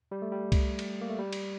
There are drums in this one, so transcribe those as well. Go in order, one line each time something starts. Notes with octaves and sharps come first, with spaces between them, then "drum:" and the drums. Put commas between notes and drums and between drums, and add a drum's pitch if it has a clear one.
G3
A3
G3
drum: kick C2, cymbal
drum: cymbal
A#3
A3
G3
drum: cymbal